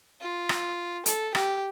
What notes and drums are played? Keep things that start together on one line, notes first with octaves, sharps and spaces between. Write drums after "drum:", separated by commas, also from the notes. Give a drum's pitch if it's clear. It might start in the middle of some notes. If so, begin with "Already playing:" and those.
F4
drum: rim click
A4, drum: hi-hat
G4, drum: rim click